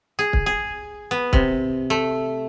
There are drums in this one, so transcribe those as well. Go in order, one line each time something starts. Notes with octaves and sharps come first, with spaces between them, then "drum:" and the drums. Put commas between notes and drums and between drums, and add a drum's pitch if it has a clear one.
G#4
drum: kick
G#4
B3
C3, drum: kick
A3